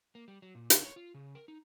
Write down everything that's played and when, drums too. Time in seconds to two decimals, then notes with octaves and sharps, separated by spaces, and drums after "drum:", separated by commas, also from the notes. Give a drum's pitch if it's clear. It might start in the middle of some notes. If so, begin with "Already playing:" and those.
0.15 A#3
0.28 G3
0.42 F#3
0.55 A#2
0.70 D3, drum: hi-hat
0.85 C#5
0.96 F4
1.14 C#3
1.35 A#4
1.48 D#4